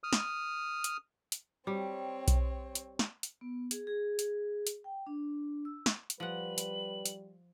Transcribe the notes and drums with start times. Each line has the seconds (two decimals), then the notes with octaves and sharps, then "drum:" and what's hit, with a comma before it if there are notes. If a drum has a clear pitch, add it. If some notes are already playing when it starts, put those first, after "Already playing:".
0.04 D#6 F6
0.13 drum: snare
0.84 drum: hi-hat
1.32 drum: hi-hat
1.67 G3 C4 C#5
2.28 drum: kick B1, hi-hat
2.75 drum: hi-hat
2.99 drum: snare
3.23 drum: hi-hat
3.41 B3
3.71 G#4, drum: hi-hat
3.87 G#4
4.19 drum: hi-hat
4.67 drum: hi-hat
4.84 G5
5.07 D4
5.65 E6
5.86 drum: snare
6.10 drum: hi-hat
6.20 F3 G3 B4 F#5 F#7
6.58 drum: hi-hat
7.06 drum: hi-hat